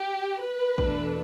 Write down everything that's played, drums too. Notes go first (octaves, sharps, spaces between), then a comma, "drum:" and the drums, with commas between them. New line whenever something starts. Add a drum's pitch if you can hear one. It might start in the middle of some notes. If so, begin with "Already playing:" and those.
Already playing: G4
B4
E2 B2 A3 D4, drum: kick